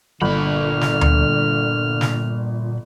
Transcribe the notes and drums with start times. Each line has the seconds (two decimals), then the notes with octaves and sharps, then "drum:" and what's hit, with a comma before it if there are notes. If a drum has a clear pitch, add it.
0.22 G1 A#2 D3 B5 F6
0.81 drum: snare
1.01 drum: tom D2
2.01 drum: snare